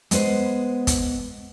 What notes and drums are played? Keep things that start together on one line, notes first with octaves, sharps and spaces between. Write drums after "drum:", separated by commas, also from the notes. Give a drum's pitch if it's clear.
G#3 B3 B4 C5, drum: hi-hat
drum: kick, hi-hat